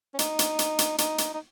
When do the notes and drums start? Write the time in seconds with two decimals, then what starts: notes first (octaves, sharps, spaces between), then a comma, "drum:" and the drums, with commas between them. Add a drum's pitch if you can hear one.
0.14 C#4
0.19 D#4, drum: hi-hat
0.39 drum: hi-hat
0.59 drum: hi-hat
0.79 drum: hi-hat
0.98 D#4, drum: hi-hat
1.18 drum: hi-hat
1.34 D#4